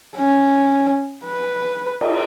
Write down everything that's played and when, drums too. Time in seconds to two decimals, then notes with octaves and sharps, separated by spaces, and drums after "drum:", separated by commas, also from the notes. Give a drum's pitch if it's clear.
0.16 C#4
1.25 B4
2.01 drum: cymbal